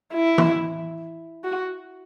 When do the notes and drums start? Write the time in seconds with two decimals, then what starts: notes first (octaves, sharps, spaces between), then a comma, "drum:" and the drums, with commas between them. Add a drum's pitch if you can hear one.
0.14 E4
0.38 drum: tom E3
1.44 F#4